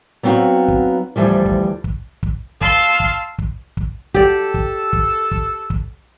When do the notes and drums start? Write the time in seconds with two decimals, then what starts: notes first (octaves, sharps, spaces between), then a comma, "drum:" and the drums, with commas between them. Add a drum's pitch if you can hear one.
0.23 F#3 B3 C4 D#4 F#4 F5
0.68 drum: kick
1.16 D2 E3 F3 G3
1.46 drum: kick
1.84 drum: kick
2.23 drum: kick
2.61 F5 A5 C6 E6, drum: kick
3.00 drum: kick
3.38 drum: kick
3.77 drum: kick
4.14 G4 A4 D5, drum: kick
4.54 drum: kick
4.93 drum: kick
5.31 drum: kick
5.70 drum: kick